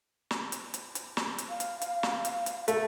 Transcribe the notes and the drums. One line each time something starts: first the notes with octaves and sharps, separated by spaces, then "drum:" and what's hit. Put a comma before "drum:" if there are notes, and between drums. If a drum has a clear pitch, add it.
drum: snare
drum: hi-hat
drum: hi-hat
drum: hi-hat
drum: snare
drum: hi-hat
F5
drum: hi-hat
drum: hi-hat
drum: snare
drum: hi-hat
drum: hi-hat
A3, drum: hi-hat